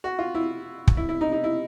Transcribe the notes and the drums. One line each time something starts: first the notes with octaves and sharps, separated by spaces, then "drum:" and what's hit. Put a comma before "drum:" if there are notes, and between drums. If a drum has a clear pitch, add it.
F#4
F4
E4
drum: kick
E4
E4
D#4
D#4
E4